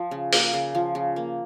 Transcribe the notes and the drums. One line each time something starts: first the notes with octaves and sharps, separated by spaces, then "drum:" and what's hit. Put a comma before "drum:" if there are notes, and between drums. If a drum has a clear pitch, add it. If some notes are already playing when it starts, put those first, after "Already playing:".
Already playing: F3
C#3
A#3, drum: open hi-hat
C#3
F3
C#3
A#3